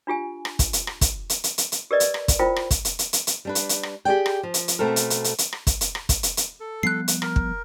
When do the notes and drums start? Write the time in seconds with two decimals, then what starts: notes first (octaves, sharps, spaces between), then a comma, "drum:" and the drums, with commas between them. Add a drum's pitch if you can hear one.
0.07 D4 F4 G4 G#5
0.45 drum: rim click
0.59 drum: kick, hi-hat
0.73 drum: hi-hat
0.87 drum: rim click
1.01 drum: kick, hi-hat
1.30 drum: hi-hat
1.44 drum: hi-hat
1.58 drum: hi-hat
1.72 drum: hi-hat
1.91 G4 A#4 B4 D5 D#5
2.00 drum: hi-hat
2.14 drum: rim click
2.28 drum: kick, hi-hat
2.39 E4 F4 A#4 C5 G5 B5
2.56 drum: rim click
2.71 drum: kick, hi-hat
2.85 drum: hi-hat
2.99 drum: hi-hat
3.13 drum: hi-hat
3.27 drum: hi-hat
3.45 G3 D4 B4
3.55 drum: hi-hat
3.69 drum: hi-hat
3.83 drum: rim click
4.05 G4 G#4 D5 G5
4.26 drum: rim click
4.43 F3
4.54 drum: hi-hat
4.68 drum: hi-hat
4.79 B2 A3 C4 A4 A#4
4.96 drum: hi-hat
5.10 drum: hi-hat
5.24 drum: hi-hat
5.38 drum: hi-hat
5.53 drum: rim click
5.67 drum: kick, hi-hat
5.81 drum: hi-hat
5.95 drum: rim click
6.09 drum: kick, hi-hat
6.23 drum: hi-hat
6.37 drum: hi-hat
6.60 A4
6.83 F3 G3 B3 F#6 C7
7.08 drum: hi-hat
7.22 A#4, drum: rim click
7.36 drum: kick